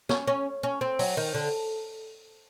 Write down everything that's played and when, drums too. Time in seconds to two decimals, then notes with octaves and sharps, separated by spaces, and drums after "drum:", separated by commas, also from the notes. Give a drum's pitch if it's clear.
0.09 C#4, drum: snare
0.28 C#4
0.63 C#4
0.81 C4
0.99 F#3, drum: open hi-hat
1.17 D#3
1.34 D3